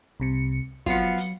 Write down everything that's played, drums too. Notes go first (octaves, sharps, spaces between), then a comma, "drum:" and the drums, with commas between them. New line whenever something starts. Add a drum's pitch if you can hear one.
C2 C3 C#7
F3 F#3 B3 F4 C#7, drum: kick
drum: hi-hat